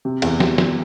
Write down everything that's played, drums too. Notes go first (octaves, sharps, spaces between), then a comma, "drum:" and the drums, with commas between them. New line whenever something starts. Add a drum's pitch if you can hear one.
C3
E2, drum: cymbal
G3, drum: snare
E2, drum: snare